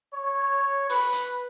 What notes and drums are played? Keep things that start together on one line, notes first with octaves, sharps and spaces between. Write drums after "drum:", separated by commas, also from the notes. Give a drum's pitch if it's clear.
C#5
B4, drum: open hi-hat
drum: hi-hat